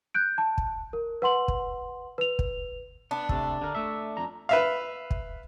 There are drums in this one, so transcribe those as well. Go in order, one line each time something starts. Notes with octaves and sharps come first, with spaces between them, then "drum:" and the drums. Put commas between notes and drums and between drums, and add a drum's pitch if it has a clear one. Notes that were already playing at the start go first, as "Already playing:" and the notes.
F#6 G6 D7
A5
drum: kick
A#4
B4 F#5 C6 F#7
drum: kick
B4 F7
drum: kick
B3 D4
C3 A3 A4, drum: kick
D3 A#4
A3 E5
F2 A#5
B4 E5 F5
drum: kick